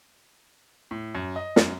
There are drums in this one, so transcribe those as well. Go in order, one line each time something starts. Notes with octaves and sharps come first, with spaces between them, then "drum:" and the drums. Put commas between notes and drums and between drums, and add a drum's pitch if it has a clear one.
A2
F#2
D#5
F#2, drum: snare